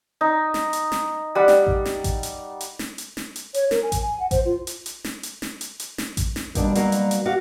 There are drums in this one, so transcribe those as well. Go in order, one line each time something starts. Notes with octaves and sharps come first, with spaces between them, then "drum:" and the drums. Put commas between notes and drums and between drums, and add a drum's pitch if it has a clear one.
D#4
drum: snare
drum: hi-hat
drum: snare
G3 F#5
drum: snare
drum: kick A1
drum: snare
drum: kick A1, hi-hat
drum: hi-hat
drum: hi-hat
drum: snare
drum: hi-hat
drum: snare
drum: hi-hat
C#5, drum: hi-hat
A#4, drum: snare
G#5
drum: kick A1, hi-hat
G#5
F#5
C5, drum: kick A1, hi-hat
F4
drum: hi-hat
drum: hi-hat
drum: snare
drum: hi-hat
drum: snare
drum: hi-hat
drum: hi-hat
drum: snare
drum: kick A1, hi-hat
drum: snare
D#2 B2 D#3 G3 D4, drum: kick A1, hi-hat
F#3 A#3, drum: hi-hat
drum: hi-hat
drum: hi-hat
F#4 G4 F5